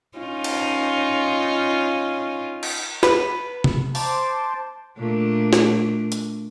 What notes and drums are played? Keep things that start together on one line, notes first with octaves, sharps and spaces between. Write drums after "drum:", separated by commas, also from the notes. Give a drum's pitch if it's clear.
C#4 D#4 F4
drum: cymbal
drum: cymbal
B4, drum: snare
drum: tom C3
C5 A5 C6 D6, drum: open hi-hat
A#2 A3 D4
drum: snare
drum: hi-hat